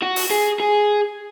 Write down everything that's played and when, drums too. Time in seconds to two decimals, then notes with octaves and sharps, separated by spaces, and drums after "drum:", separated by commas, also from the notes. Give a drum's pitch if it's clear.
0.03 F#4
0.16 drum: open hi-hat
0.31 G#4
0.60 G#4